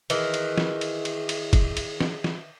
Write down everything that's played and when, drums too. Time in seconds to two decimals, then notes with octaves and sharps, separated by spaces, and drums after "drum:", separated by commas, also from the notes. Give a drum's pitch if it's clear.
0.10 D#3 E3 G#4, drum: cymbal
0.34 drum: cymbal
0.58 drum: snare
0.81 drum: cymbal
1.05 drum: cymbal
1.29 drum: cymbal
1.53 drum: kick, cymbal
1.77 drum: cymbal
2.00 drum: snare
2.24 drum: snare